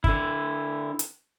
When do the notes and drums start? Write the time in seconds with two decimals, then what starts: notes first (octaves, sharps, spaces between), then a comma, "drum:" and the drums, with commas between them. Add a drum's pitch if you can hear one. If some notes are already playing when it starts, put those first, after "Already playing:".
0.04 D3 E4, drum: kick
0.99 drum: hi-hat